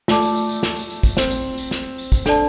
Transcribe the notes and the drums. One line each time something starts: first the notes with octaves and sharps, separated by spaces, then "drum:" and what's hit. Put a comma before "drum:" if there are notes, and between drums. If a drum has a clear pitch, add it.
A3 F4 D5 A5 D6, drum: snare
drum: tambourine
drum: tambourine
drum: tambourine
drum: snare
drum: tambourine
drum: tambourine
drum: kick, tambourine
C4, drum: snare
drum: tambourine
drum: tambourine
drum: snare
drum: tambourine
drum: kick, tambourine
D4 A4 D5 A5, drum: snare